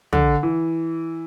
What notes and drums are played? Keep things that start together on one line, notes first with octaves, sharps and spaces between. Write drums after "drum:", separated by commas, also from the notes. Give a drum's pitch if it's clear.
D3, drum: tom
E3